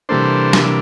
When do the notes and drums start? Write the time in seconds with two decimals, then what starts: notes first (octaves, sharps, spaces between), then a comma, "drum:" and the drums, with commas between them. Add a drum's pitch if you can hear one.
0.09 C3 E3 G3 A#3 D4 A4 C5
0.53 drum: snare